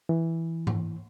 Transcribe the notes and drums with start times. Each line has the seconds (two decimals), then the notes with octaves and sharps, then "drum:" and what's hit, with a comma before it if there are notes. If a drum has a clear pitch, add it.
0.09 E3
0.67 drum: tom G#2